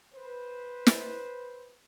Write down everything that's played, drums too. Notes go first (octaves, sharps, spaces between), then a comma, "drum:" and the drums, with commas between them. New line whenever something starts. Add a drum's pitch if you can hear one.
B4 C5
drum: snare